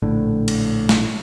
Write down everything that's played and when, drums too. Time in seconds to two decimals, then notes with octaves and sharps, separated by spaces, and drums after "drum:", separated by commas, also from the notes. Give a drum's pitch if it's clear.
0.02 A#1 A2 D3
0.48 drum: cymbal
0.89 drum: snare